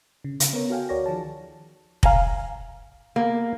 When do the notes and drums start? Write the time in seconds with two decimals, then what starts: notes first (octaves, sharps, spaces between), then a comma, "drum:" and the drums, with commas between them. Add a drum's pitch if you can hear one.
0.24 C#3
0.40 C#3, drum: hi-hat
0.53 B3 A#4 C#5
0.70 F#4 A4 F5 G5 G#5
0.89 D2 F#4 A#4 C#5 D5 A#6
1.06 D#3 F3 G#4 A5
2.03 F5 G#5 A#5, drum: kick
3.16 A#3